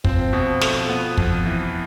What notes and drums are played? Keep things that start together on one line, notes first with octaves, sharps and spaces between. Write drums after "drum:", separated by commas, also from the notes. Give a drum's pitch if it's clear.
F3 C4, drum: kick
B2
A3, drum: snare
B3
F2, drum: kick
E3